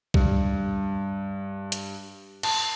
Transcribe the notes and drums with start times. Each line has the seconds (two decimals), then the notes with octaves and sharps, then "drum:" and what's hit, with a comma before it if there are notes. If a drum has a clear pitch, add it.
0.14 G2, drum: kick B1
1.72 drum: hi-hat
2.43 A5, drum: cymbal